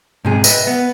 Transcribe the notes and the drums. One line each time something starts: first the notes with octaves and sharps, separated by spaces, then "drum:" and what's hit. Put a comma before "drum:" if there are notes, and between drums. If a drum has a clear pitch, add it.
G#2 C3 G#4
B4 D#5 E5, drum: tambourine
B3